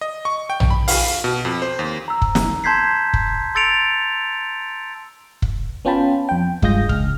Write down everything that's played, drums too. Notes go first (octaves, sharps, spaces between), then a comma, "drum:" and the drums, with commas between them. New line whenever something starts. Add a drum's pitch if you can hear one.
D#5
C#6
G5
drum: tom A#1
B5
F5, drum: open hi-hat
B2
F2
C5
D#2
A#5 E6
drum: kick
drum: snare
A5 C6 G6 G#6 B6 C7
drum: kick
C6 E6 A6 C#7 D7 F7
drum: kick
B3 C#4 F4 G5 A5 B5
F2 G5
G2 G#3 F4 D#6 G6 A#6, drum: kick
C#2 F6, drum: kick